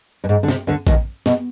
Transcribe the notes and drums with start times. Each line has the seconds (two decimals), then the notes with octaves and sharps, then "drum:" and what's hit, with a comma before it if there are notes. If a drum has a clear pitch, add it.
0.24 G2
0.29 G#2
0.43 D3
0.48 C3, drum: snare
0.67 D2 D3
0.87 D#2 D#3, drum: kick, hi-hat
1.26 B2, drum: snare